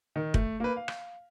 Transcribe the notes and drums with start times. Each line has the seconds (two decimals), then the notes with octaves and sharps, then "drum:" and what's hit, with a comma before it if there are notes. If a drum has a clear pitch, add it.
0.16 D#3
0.34 A3, drum: kick
0.60 A#3 B4
0.76 F5
0.88 drum: rim click